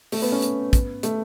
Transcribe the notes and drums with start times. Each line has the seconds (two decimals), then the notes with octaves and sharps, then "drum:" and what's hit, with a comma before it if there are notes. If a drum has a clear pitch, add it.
0.12 A3, drum: open hi-hat
0.22 B3
0.32 C#4
0.42 B3, drum: hi-hat
0.73 drum: kick, hi-hat
1.03 A3, drum: hi-hat